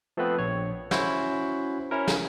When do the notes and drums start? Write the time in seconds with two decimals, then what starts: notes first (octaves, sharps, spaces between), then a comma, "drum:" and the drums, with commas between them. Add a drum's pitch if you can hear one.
0.17 F3 A3 B3 C4 B4
0.39 A#1 C#5
0.91 C#4 E4 F#4 C5, drum: snare
1.91 C#4 E4 A#4
2.08 drum: snare